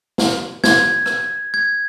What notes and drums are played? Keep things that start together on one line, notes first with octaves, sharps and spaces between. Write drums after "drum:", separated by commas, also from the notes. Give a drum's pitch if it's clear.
drum: snare
G#6, drum: snare
drum: rim click
G#6